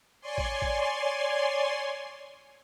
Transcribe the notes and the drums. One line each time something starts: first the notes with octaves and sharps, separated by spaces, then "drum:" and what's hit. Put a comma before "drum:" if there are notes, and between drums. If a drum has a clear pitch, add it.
C#5 D5 G#5 C6
drum: kick A1
drum: kick A1